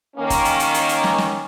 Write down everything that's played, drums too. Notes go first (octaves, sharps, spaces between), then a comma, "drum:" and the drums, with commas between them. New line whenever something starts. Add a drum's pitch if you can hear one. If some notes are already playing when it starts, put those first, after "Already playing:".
D#3 A#3 C#4
drum: kick, hi-hat
drum: hi-hat
drum: hi-hat
drum: hi-hat
drum: hi-hat
drum: snare
drum: snare